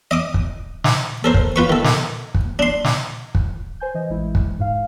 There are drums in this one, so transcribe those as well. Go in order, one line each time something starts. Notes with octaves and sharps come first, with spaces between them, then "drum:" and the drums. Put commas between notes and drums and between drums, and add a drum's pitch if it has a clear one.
D#5 D6 D#6
drum: kick
drum: snare
A4 A#4 C5
drum: kick
F4 B4 C#6
D#3 A4
drum: snare
drum: kick
D4 C6
drum: snare
drum: kick
C5 G#5 G6
E3 D#5
A1 G#3 E4
drum: kick
G#2 F5